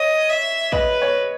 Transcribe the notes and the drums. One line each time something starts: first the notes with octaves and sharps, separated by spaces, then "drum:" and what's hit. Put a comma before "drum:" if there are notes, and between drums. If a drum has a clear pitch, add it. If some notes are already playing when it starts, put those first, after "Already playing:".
Already playing: C#5 D#5
E5
B4 D#5, drum: kick
C#5